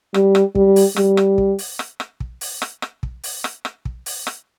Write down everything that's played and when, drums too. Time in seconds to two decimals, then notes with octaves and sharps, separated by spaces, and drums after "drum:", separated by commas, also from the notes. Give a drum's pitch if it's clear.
0.14 G3, drum: rim click
0.35 drum: rim click
0.55 G3, drum: kick
0.76 drum: open hi-hat
0.96 G3, drum: rim click
1.17 drum: rim click
1.38 drum: kick
1.59 drum: open hi-hat
1.79 drum: rim click
2.00 drum: rim click
2.20 drum: kick
2.41 drum: open hi-hat
2.62 drum: rim click
2.82 drum: rim click
3.03 drum: kick
3.24 drum: open hi-hat
3.44 drum: rim click
3.65 drum: rim click
3.85 drum: kick
4.06 drum: open hi-hat
4.27 drum: rim click